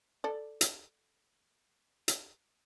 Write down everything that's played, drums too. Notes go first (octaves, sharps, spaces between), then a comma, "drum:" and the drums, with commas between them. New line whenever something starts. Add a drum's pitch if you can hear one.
A4 D5
drum: hi-hat
drum: hi-hat